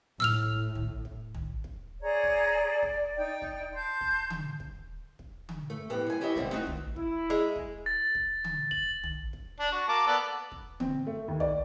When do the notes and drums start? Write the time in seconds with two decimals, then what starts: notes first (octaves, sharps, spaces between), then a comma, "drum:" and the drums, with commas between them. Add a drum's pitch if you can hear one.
0.20 A2 E6 F6 F7
0.46 drum: kick
0.75 drum: tom
1.05 drum: kick
1.35 drum: tom
1.64 drum: kick
2.02 G#4 C#5 D5 A#5
2.23 drum: kick
2.82 drum: kick
3.18 D#4 G5
3.42 drum: kick
3.74 A5 C6 G6
4.01 drum: kick
4.30 drum: tom D3
4.60 drum: kick
5.19 drum: kick
5.49 drum: tom D3
5.70 A3
5.90 F2 A2 B3 G4
6.07 F#2 G#5
6.21 E4 G4 C#5 D#5 E5
6.35 G#2 B2 D3 G3 C4, drum: kick
6.52 A3 C4 D#4 F#4
6.67 drum: tom
6.96 E4, drum: kick
7.30 G#3
7.56 drum: kick
7.86 A6
8.15 drum: kick
8.44 drum: tom D3
8.71 F#7, drum: kick
9.04 drum: tom
9.33 drum: kick
9.60 D4
9.72 F#4
9.88 A#3 A5 D6
10.07 B3 A4 D5
10.51 drum: kick
10.80 C4, drum: tom D3
11.07 A3
11.28 D#2
11.40 D5, drum: tom